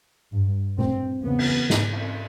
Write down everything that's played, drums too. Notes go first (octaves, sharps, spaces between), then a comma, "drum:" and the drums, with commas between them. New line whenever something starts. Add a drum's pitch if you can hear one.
G2
G2 C4, drum: tom A#2
E2 C#3 B3
drum: cymbal
G#2, drum: snare
drum: cymbal